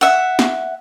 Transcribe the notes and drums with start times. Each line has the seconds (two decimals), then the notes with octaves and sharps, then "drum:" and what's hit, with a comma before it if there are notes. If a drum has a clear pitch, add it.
0.01 E5 F#5
0.39 drum: snare